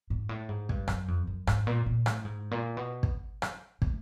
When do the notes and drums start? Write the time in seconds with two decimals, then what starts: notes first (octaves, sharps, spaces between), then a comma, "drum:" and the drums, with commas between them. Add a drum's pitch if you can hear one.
0.10 G#2
0.29 A2
0.49 G#2
0.69 G2, drum: kick
0.88 F#2, drum: rim click
1.08 F2
1.27 F#2
1.47 G#2, drum: rim click
1.67 A#2
1.86 A#2
2.06 A2, drum: rim click
2.25 G#2
2.51 A#2
2.77 B2
3.03 drum: kick
3.42 drum: rim click
3.82 A3, drum: kick